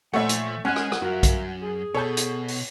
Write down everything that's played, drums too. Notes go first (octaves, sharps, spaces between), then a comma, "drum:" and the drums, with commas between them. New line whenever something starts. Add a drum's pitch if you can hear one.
A#2 F3 A3 C#5 E5 F#5
drum: hi-hat
G#3 C#4 D#5 F#5 G#5 F6 F#6
drum: rim click
drum: rim click
F#2 F4 F#4 A#4 E5
drum: kick B1, hi-hat
G#4
B2 A4 C#5 A5 G6
drum: hi-hat
drum: open hi-hat